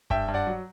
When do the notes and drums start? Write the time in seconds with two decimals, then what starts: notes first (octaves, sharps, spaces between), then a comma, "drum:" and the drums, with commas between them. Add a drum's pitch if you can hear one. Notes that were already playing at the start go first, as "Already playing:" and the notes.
0.10 G2 E5 G5, drum: kick
0.28 G2
0.34 D5 F#5
0.47 F#3